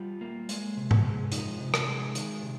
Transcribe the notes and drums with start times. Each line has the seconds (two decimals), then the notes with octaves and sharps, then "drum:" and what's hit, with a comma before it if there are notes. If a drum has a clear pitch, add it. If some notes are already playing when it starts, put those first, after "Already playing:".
Already playing: G3 F4
0.21 A#3
0.49 G#3, drum: hi-hat
0.77 C3
0.91 drum: tom
1.05 G#3
1.32 F3 D#4, drum: hi-hat
1.60 C3
1.74 drum: rim click
1.87 G#3
2.15 D#3, drum: hi-hat
2.43 C3